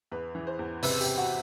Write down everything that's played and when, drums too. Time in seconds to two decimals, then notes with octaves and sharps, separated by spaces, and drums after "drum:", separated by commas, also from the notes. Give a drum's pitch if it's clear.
0.12 E2 B4
0.35 E3
0.47 C5
0.59 E2
0.83 C3 B4, drum: open hi-hat
1.01 C3 G4, drum: tambourine
1.18 F#4